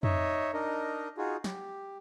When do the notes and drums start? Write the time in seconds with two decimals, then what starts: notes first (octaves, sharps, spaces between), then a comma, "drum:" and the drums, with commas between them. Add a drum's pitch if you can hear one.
0.03 D#4 C#5 D#5 E5, drum: tom F2
0.53 D4 D#4 A#4 D#5
1.18 D#4 F4 F#4 G#4
1.44 G4, drum: snare